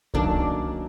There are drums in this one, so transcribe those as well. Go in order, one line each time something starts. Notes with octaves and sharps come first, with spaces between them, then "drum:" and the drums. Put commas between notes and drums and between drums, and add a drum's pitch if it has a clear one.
D#3 F#3 A#3 C#4 D4 F#4, drum: kick C2